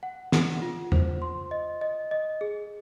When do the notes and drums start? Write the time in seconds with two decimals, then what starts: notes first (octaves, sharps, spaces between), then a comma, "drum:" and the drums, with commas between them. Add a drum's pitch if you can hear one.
0.03 F#5
0.32 F#5, drum: snare
0.62 F4
0.92 C5, drum: tom
1.22 C6
1.51 D#5
1.81 D#5
2.11 D#5
2.41 G#4